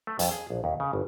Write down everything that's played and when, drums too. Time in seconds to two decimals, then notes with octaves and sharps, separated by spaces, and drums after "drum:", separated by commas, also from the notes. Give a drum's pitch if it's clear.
0.07 A3
0.19 F2, drum: hi-hat
0.31 G#4
0.50 A#1
0.64 D#2
0.80 C#3
0.93 G1